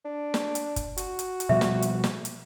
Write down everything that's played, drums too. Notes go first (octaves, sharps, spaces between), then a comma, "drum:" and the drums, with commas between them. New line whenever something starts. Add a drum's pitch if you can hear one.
D4
drum: snare
drum: hi-hat
drum: kick F#1, hi-hat
F#4, drum: hi-hat
drum: hi-hat
drum: hi-hat
B2 F3 G3 E5
drum: snare
drum: hi-hat
drum: snare
drum: hi-hat